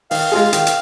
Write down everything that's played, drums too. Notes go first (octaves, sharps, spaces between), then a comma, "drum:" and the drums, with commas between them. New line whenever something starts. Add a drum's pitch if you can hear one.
D#3 F5, drum: open hi-hat
G#3 F4 G#4
D#3, drum: hi-hat
drum: hi-hat